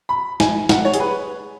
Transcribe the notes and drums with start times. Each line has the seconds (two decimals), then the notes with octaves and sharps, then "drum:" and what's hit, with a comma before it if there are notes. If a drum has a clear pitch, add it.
0.09 B5
0.40 G#5, drum: snare
0.69 F#5, drum: snare
0.85 C#5
0.94 G#4, drum: hi-hat
1.00 B4